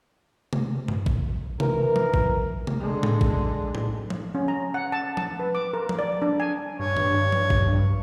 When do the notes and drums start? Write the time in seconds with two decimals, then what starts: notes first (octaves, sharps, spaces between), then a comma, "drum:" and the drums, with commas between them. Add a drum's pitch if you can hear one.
0.53 drum: tom C3
0.88 drum: tom G2
1.06 drum: kick A1
1.60 E3 A#4, drum: tom C3
1.96 drum: tom F3
2.14 drum: kick A1
2.67 drum: tom C3
2.80 D3 G#3
3.03 drum: tom A2
3.21 drum: kick A1
3.75 drum: tom A2
4.10 drum: tom F3
4.35 C#4
4.48 A#5
4.74 F#5
4.92 A5
5.17 A5, drum: tom F3
5.40 B4
5.55 D6
5.73 A#4
5.89 drum: tom F3
5.99 D5
6.22 D4
6.40 G#5
6.80 G2 C#5
6.97 drum: tom G2
7.32 drum: tom F3
7.50 drum: kick A1